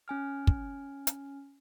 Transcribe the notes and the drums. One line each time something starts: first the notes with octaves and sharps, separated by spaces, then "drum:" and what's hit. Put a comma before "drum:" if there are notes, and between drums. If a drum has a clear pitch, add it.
C#4 G#5 F6
drum: kick
drum: hi-hat